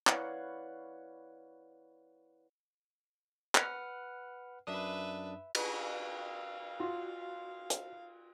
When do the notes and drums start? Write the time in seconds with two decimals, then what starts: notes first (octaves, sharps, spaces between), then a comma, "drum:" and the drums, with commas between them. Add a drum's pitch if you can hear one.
0.07 E4 B4 C#5 D5 F5 F#5, drum: clap
3.55 B4 F#5 F6, drum: clap
4.67 F#2 D4 B4 E5 D#6
5.55 drum: cymbal
5.74 F5
6.80 F4 F#4
7.70 drum: hi-hat